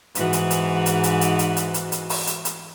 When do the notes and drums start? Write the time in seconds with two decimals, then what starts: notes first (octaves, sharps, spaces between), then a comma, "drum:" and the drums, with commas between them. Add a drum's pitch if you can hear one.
0.15 G#2 E3 F#4, drum: hi-hat
0.33 drum: hi-hat
0.50 drum: hi-hat
0.86 drum: hi-hat
1.04 drum: hi-hat
1.21 drum: hi-hat
1.39 drum: hi-hat
1.57 drum: hi-hat
1.74 drum: hi-hat
1.92 drum: hi-hat
2.10 drum: open hi-hat
2.27 drum: hi-hat
2.45 drum: hi-hat